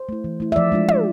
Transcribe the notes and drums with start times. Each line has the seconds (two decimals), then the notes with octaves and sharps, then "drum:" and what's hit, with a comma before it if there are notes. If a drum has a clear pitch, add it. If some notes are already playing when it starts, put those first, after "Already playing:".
Already playing: C5
0.09 A3 E4
0.24 E3
0.40 A3 E4
0.52 E5
0.56 F3 D5
0.72 G#3 D4 F4
0.88 F3, drum: tom